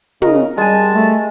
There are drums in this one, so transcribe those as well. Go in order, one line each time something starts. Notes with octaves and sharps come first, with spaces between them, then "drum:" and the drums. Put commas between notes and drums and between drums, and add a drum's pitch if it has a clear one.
C#3 A#4 D#5, drum: tom
G3 G#3 G#5 A5
A3